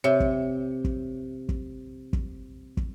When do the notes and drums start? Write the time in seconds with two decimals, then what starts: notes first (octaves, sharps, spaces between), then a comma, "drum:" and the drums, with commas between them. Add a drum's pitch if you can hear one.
0.04 C3 C#5 E5
0.20 drum: kick
0.84 drum: kick
1.49 drum: kick
2.13 drum: kick
2.77 drum: kick